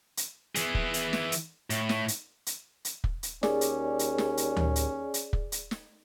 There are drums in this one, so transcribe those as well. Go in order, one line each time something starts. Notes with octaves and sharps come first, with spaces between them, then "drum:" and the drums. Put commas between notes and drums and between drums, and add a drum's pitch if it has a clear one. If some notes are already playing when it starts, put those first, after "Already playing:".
drum: hi-hat
E3 G#4, drum: hi-hat
drum: kick
drum: hi-hat
drum: snare
drum: hi-hat
A2, drum: hi-hat
drum: snare
drum: hi-hat
drum: hi-hat
drum: hi-hat
drum: kick
drum: hi-hat
D#2 C#4 G#4 D5, drum: snare
drum: hi-hat
drum: hi-hat
drum: snare
drum: hi-hat
drum: tom D2
drum: hi-hat
drum: hi-hat
drum: kick
drum: hi-hat
drum: snare